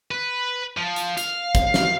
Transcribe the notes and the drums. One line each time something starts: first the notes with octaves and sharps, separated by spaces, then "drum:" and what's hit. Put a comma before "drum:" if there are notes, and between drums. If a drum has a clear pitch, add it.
B4
F3
drum: hi-hat
F5, drum: hi-hat
drum: kick, hi-hat
drum: snare